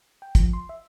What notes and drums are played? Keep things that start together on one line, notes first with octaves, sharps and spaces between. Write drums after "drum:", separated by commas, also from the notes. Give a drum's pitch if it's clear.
G5
F3, drum: kick, hi-hat
C6
E5